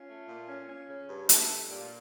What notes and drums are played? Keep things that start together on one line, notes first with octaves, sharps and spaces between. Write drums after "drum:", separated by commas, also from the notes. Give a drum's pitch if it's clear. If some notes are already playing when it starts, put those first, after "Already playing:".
Already playing: C#4 F4
A3
A#2
C#4
C#4
C#3
G2
A3, drum: hi-hat
G2
A#2 G4
F4